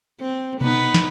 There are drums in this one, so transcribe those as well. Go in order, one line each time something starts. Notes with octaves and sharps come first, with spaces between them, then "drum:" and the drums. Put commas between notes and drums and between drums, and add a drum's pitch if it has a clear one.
C4
B3 D#4 B4, drum: tom B2
drum: snare